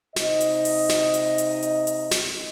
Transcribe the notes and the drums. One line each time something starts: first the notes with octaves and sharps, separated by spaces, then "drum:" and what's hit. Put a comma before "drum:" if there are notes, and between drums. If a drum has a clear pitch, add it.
C3 D#4 D#5, drum: snare
drum: hi-hat
drum: open hi-hat
drum: snare
drum: hi-hat
drum: hi-hat
drum: hi-hat
drum: hi-hat
drum: snare